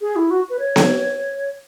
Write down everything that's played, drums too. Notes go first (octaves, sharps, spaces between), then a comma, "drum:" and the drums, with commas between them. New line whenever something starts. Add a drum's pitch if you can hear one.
G#4
E4
F#4
B4
C#5
drum: snare B3